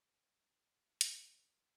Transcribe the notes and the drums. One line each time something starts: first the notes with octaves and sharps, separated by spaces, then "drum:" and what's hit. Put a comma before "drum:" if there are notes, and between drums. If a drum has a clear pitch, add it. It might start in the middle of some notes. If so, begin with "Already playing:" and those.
C5
G4
A2
C6, drum: hi-hat
A#2
G#1
E3